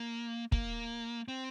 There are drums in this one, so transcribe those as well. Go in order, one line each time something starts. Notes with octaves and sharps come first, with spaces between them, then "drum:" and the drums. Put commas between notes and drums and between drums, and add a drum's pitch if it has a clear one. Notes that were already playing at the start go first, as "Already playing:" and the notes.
Already playing: A#3
A#3, drum: kick
C4